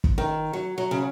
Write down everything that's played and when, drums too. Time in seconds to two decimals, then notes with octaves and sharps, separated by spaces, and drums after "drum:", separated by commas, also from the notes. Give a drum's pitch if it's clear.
0.04 drum: kick
0.18 D#3
0.53 F#3
0.78 F#3
0.91 C#3